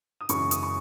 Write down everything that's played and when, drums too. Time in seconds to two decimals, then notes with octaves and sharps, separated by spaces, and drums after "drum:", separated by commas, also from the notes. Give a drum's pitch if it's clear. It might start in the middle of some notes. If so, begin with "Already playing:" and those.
0.21 D#6
0.29 F#2 C#3 E3 G#3 C#4 C#6, drum: hi-hat
0.51 D#6, drum: hi-hat
0.63 C#6